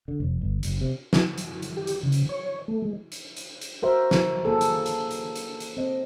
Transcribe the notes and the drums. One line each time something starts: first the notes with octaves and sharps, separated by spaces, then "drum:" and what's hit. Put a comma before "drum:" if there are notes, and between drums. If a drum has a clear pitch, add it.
D3
F1
G1
F#1, drum: hi-hat
C3
drum: snare
drum: hi-hat
drum: hi-hat
G4
drum: hi-hat
C#3
drum: hi-hat
C#5
A3
G#3
drum: hi-hat
drum: hi-hat
drum: hi-hat
F#4 A#4 C5 E5
drum: snare
A#3 G#4 A4
drum: hi-hat
drum: hi-hat
drum: hi-hat
drum: hi-hat
drum: hi-hat
C4 D#5